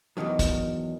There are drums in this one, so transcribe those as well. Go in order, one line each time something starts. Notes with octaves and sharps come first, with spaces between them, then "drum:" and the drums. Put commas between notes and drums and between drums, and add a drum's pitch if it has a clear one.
E2 G#2 B2 D#3 F#3
drum: kick, hi-hat